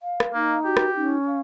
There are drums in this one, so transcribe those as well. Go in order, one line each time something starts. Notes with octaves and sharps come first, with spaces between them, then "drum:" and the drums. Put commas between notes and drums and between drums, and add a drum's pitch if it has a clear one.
F5
drum: rim click
A#3 D#4
F#4 G4
drum: rim click
C#4 D#4
F5